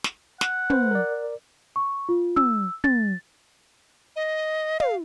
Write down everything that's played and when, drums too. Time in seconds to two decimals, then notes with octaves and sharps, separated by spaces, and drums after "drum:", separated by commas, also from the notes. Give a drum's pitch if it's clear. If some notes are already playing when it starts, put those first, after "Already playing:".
0.04 drum: snare
0.41 F#5, drum: snare
0.70 B4 C5, drum: tom
0.91 A#4 D5
1.76 C#6
2.09 F4
2.36 E6, drum: tom
2.84 A6, drum: tom
4.16 D#5
4.80 F5, drum: tom